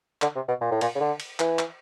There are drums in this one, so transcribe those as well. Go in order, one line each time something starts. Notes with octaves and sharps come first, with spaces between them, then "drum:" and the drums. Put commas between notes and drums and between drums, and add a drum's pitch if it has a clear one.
D3, drum: clap
C3
B2
A#2
A2
A#2, drum: cymbal
C#3
D3
drum: cymbal
E3, drum: clap
drum: clap